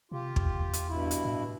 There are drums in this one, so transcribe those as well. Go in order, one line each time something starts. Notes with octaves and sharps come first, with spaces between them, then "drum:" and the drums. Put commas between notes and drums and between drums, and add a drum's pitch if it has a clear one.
C3 F4 G4
E2, drum: kick
drum: hi-hat
G2 B2 E4
drum: hi-hat
A2